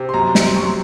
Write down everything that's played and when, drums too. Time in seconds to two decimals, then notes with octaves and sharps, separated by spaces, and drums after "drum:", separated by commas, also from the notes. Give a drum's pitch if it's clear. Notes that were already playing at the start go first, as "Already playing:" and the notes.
Already playing: C3
0.09 C6
0.14 F#2 A#5
0.35 F#2, drum: snare
0.46 C6
0.56 F#2 C#6
0.66 C6